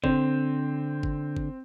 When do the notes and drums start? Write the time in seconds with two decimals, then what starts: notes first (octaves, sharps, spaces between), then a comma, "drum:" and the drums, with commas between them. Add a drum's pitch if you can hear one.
0.04 D3 C4, drum: kick G1
1.03 drum: kick G1
1.37 drum: kick G1